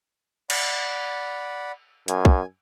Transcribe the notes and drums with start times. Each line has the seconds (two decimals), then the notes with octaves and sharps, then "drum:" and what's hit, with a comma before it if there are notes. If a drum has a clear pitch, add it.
0.50 D5 F#5 B5, drum: cymbal
2.08 F#2 G#5, drum: hi-hat
2.25 drum: kick A#1